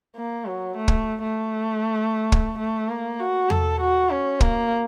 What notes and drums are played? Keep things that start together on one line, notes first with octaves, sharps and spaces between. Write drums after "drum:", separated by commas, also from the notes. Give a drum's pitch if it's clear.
A#3
F#3
A3
drum: kick
A3
drum: kick
A3
A#3
F#4
A4, drum: tom E2
F#4
C#4
A#3, drum: kick